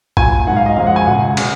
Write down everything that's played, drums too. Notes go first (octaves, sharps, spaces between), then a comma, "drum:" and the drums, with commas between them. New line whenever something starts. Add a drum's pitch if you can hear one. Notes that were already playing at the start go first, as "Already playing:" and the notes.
A#2 F#3 G#5, drum: kick
G#2 F#3 F#5
F5
D#5
F#2 F3 G#3 F5
F#5
G#5
C#2 B2 G#3 F#5
C#3 F#3, drum: cymbal